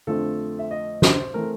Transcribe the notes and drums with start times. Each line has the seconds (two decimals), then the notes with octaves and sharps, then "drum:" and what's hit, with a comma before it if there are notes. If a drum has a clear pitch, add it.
0.07 F2 D3 F3 A3 A4
0.59 E5
0.71 D#5
1.02 C5, drum: snare
1.34 E3 A3 C4 A#4